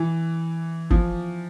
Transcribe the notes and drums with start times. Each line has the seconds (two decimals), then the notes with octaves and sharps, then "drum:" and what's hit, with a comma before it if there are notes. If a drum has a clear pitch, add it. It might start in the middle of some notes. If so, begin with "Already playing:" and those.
Already playing: E3
0.90 F3, drum: kick F#1